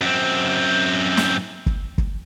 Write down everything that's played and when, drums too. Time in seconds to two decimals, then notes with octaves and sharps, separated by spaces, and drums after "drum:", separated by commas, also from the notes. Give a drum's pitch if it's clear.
0.01 F#2 C4
1.17 drum: snare
1.66 drum: kick
1.98 drum: kick